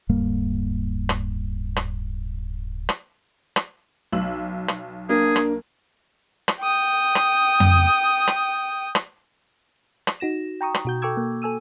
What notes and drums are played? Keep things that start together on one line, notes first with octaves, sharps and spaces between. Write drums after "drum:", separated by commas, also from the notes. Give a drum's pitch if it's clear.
D1 G2 G3 A#3
drum: rim click
drum: rim click
drum: rim click
drum: rim click
B1 E6 F#7
drum: rim click
A#3 D4 G#4
drum: rim click
drum: rim click
G5 D#6
drum: rim click
drum: tom F2
drum: rim click
drum: rim click
drum: rim click
D#4 F#4 A#6 E7
G5 A#5 C#6 D#6
drum: rim click
B2 F#4 G6
A4 G5 C#6 D6 E6 G#6
A#3
A4 G#5 E6 D#7